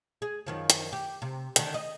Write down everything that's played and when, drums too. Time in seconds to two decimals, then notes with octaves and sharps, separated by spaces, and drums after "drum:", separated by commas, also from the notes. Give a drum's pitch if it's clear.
0.22 G#4
0.47 F#2 D#3 F3
0.70 drum: hi-hat
0.93 G4
1.22 C3
1.56 D3 D#3, drum: hi-hat
1.74 D#5